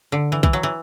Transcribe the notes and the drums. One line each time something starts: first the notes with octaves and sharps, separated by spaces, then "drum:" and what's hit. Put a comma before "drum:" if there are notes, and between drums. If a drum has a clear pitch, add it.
D3
E3
E3, drum: kick B1
F#3
E3